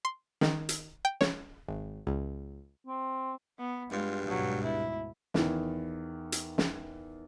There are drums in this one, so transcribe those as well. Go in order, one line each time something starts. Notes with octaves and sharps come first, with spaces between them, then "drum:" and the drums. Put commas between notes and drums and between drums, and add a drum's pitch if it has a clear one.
C6
D#3, drum: snare
drum: hi-hat
G5
C#5, drum: snare
G#1
C#2
C4
B3
G2 G#3 F4
D2 G#2 B2 F#3
E4
E2 D#3, drum: snare
drum: hi-hat
drum: snare